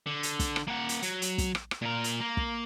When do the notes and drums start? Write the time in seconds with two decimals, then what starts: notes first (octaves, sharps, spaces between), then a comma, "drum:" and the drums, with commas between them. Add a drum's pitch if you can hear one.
0.07 D3
0.23 drum: hi-hat
0.39 drum: kick, hi-hat
0.56 drum: rim click
0.68 A#3 F#5
0.89 drum: hi-hat
1.02 F#3, drum: hi-hat
1.22 drum: hi-hat
1.38 drum: kick, hi-hat
1.55 drum: rim click
1.71 drum: rim click
1.82 A#2 A#4
2.04 drum: hi-hat
2.21 A#3
2.37 drum: kick